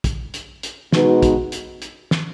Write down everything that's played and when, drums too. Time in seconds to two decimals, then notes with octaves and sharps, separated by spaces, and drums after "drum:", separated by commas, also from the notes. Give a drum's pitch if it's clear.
0.04 drum: kick, hi-hat
0.34 drum: hi-hat
0.63 drum: hi-hat
0.92 B2 G#3 D#4 F#4 B4, drum: snare
1.23 drum: kick, hi-hat
1.52 drum: hi-hat
1.82 drum: hi-hat
2.11 drum: snare